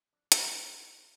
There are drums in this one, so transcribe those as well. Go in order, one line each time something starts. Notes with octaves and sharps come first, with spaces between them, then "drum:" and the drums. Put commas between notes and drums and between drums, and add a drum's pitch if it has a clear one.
F2 D4
F2 C4, drum: hi-hat
F2 A#3
D3 A#3
G3 C4